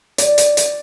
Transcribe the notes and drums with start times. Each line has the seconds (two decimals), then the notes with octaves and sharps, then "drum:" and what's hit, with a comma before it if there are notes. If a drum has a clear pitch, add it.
0.18 D5, drum: hi-hat
0.38 drum: hi-hat
0.57 drum: hi-hat